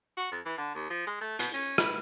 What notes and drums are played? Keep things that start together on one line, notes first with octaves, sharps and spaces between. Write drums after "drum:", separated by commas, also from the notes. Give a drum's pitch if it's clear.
F#4
F2
E3
D3
D#2
F3
G#3
A3
B2, drum: hi-hat
C#4
E4, drum: rim click